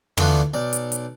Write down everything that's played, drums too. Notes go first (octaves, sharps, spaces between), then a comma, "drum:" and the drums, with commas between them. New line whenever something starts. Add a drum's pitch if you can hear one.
D3 E3 A3 B3 D4 F4, drum: tom
B1 D5
drum: hi-hat
drum: hi-hat